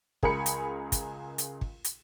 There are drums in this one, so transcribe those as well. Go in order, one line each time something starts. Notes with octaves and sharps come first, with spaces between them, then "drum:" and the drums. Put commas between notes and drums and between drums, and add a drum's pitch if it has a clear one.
C#2 G#4 A#4 G#5 B5 C#7, drum: kick
drum: hi-hat
drum: kick, hi-hat
drum: hi-hat
drum: kick
drum: hi-hat